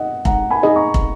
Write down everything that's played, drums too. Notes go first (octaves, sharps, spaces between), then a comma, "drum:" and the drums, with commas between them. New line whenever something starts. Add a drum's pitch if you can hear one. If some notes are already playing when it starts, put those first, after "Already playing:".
Already playing: D#5 F#5
G#3 F#5 A#5, drum: kick
G#5 B5
D#4 G#4 D#5
A#5 C#6
drum: kick